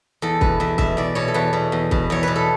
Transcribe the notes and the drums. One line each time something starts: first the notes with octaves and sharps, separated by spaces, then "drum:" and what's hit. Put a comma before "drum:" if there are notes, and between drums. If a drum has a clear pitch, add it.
E2 A4
B2 B4, drum: kick
E2 E5
B2 E5, drum: kick
E2 D5
B2 C#5
A4
E2 B4
B2
E2
B2, drum: kick
E2 C#5
B2 B4
A4